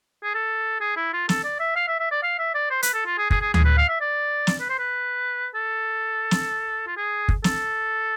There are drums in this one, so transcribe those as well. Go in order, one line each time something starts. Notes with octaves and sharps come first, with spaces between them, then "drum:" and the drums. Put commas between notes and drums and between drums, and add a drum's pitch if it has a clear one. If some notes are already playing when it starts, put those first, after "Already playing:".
G#4
A4
G#4
E4
F4
A4, drum: snare
D5
E5
F5
E5
E5
D5
F5
E5
D5
C5
B4, drum: hi-hat
A4
F4
G#4
G#4, drum: kick
G#4
G#4, drum: tom D2
B4
F5
E5
D5
drum: snare
B4
C5
B4
A4
drum: snare
F4
G#4
drum: kick
A4, drum: snare